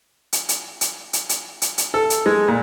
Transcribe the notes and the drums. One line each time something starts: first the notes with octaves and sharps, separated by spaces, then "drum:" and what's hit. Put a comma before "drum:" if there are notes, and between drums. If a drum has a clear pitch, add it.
drum: hi-hat
drum: hi-hat
drum: hi-hat
drum: hi-hat
drum: hi-hat
drum: hi-hat
drum: hi-hat
A4
drum: hi-hat
G#3
A#2